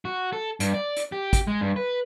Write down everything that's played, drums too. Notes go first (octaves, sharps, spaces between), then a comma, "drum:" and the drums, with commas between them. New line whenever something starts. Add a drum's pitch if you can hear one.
F#4
A4
G2, drum: hi-hat
D5
drum: hi-hat
G4
drum: kick, hi-hat
G#3
G2
B4